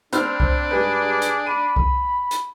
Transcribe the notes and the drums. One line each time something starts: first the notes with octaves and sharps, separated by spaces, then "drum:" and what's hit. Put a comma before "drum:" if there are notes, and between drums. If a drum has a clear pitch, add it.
C4 D4 B5 F6, drum: hi-hat
drum: kick C2
G#2 G3 G#4 B4
drum: hi-hat
B5 D#7
drum: kick C2
drum: hi-hat